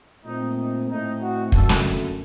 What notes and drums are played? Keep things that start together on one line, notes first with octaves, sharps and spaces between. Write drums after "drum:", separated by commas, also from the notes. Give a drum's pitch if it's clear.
A#2 A3 C4 D#4
D#4
A2 A3 C4 D#4
F#4
F#2 D3 A3 A4, drum: kick
drum: snare